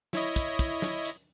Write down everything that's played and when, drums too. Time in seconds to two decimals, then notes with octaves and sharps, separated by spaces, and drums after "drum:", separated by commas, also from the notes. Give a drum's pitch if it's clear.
0.13 E4 C#5 D#5, drum: snare
0.36 drum: kick, hi-hat
0.59 drum: kick, hi-hat
0.82 drum: snare
1.05 drum: hi-hat